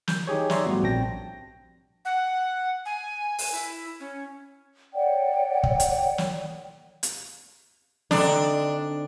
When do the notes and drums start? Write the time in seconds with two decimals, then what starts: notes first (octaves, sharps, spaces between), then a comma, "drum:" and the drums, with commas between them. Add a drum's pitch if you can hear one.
0.08 G6, drum: snare
0.27 D#4 G4 G#4 C#5
0.50 C#5 D5 E5 A#5 C6 C#6, drum: snare
0.65 G#2 F3 G3 A3 B3 F#4
0.83 A#1 C4 G5 A5 A#6
2.05 F#5
2.86 G#5
3.39 drum: open hi-hat
3.52 E4
4.00 C#4
4.94 C#5 D5 F#5 G5
5.63 drum: kick
5.80 drum: hi-hat
6.18 drum: snare
7.03 drum: hi-hat
8.11 D3 C4 D4 D#4, drum: snare